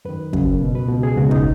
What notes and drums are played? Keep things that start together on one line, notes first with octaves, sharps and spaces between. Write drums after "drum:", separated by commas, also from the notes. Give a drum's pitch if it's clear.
F#2 D#3 B4
F#2 C#3, drum: kick
C#2 B2
B4
C#2 B2
G#4
C#2 B2 F#4
D#4, drum: kick